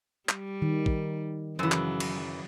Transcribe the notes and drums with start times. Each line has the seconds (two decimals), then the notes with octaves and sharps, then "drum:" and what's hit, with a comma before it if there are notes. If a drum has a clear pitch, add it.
0.29 G3, drum: clap
0.62 D#3
0.86 drum: kick
1.59 F#2 C#3 E3 F#3
1.72 drum: clap
2.00 drum: cymbal